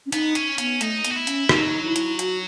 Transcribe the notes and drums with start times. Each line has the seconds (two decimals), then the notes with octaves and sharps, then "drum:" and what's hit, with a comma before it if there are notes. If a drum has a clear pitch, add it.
0.06 C#4
0.12 B3 D#4, drum: hi-hat
0.35 C#4, drum: hi-hat
0.58 B3 C#4, drum: hi-hat
0.81 A3 D#4, drum: hi-hat
1.05 B3, drum: hi-hat
1.10 F#4
1.16 E4
1.27 C#4, drum: hi-hat
1.49 F#3 D#4, drum: rim click
1.84 E4
1.96 drum: hi-hat
2.19 F#4, drum: hi-hat